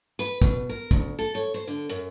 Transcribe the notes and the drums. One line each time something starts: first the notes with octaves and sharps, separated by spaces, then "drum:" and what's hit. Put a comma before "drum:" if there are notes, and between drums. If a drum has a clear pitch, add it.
B4
B2, drum: kick
A#4
D2, drum: kick
A4
C#5
C5
D3
F#2